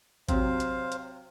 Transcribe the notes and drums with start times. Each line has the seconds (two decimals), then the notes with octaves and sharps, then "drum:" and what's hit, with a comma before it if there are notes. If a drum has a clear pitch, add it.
0.29 C3 F#3 C5 F5, drum: kick A1, hi-hat
0.60 drum: hi-hat
0.92 drum: hi-hat